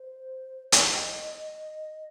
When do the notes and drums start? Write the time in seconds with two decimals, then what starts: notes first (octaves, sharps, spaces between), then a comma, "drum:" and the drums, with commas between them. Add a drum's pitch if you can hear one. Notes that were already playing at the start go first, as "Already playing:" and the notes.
Already playing: C5
0.72 D#5, drum: hi-hat